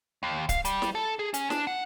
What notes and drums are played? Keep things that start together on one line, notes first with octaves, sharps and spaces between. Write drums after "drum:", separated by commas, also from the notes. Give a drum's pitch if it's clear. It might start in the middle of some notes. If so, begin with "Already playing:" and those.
D#2
F5, drum: kick C#1, hi-hat
G3, drum: hi-hat
drum: snare
A4
G#4
C#4, drum: hi-hat
D4, drum: snare
F#5